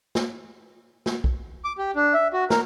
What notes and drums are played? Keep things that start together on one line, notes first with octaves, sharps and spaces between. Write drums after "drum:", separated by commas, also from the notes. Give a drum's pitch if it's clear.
drum: snare
drum: snare
drum: kick B1
D6
G4
D4
E5
F#4
A#4, drum: snare